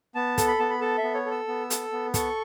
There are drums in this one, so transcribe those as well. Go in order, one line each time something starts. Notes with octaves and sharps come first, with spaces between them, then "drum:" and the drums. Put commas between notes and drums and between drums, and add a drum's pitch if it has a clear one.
B3 A5
A4, drum: kick, hi-hat
B5
B3 A5
B5
A4 A5
E5
B3
C#5
A4
E6
B3
A4, drum: hi-hat
B3
A4 C#6, drum: kick, hi-hat